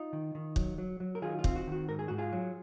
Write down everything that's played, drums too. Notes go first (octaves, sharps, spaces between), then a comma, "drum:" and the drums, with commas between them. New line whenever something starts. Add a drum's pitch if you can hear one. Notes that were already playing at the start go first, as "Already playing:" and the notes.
Already playing: D#4 F4
D#3
D#3
F#3, drum: kick
F#3
F#3
A#4
D#3 F4 G#4
F4
C4, drum: kick
F#4
D#3 F#4
G#2 A#4
G#4
G#2 F#4
F4 G#4
F#3